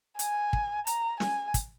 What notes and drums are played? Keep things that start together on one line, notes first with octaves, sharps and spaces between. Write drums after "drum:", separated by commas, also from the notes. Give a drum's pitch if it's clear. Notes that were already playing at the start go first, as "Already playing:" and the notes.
G#5, drum: hi-hat
drum: kick
A#5, drum: hi-hat
G#5, drum: snare
drum: kick, hi-hat